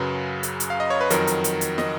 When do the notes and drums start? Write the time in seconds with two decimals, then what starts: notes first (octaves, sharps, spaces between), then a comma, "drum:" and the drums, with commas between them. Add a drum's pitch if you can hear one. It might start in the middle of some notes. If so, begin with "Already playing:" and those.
Already playing: F#2 C#3 F#3 B4
0.43 drum: hi-hat
0.60 drum: hi-hat
0.70 F5
0.80 D#5
0.90 C#5
1.01 B4
1.10 F2 D#3 F#3 A#4, drum: hi-hat
1.27 drum: hi-hat
1.44 drum: hi-hat
1.61 drum: hi-hat
1.78 D#5, drum: snare